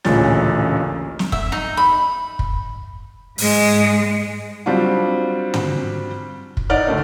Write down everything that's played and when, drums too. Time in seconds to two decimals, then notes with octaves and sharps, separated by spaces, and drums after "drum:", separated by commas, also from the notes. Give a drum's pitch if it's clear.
0.05 A1 D2 A#2 C#3 C#4 A6, drum: snare
1.19 drum: snare
1.32 E5, drum: kick
1.52 D#4
1.77 B5
2.39 drum: kick
3.38 G#2 G#3, drum: open hi-hat
4.66 F#3 G3 C4 D4 F4
5.54 drum: tom
6.57 drum: kick
6.70 D#4 D5 F#5 F6
6.87 D2 D3 A3 A#3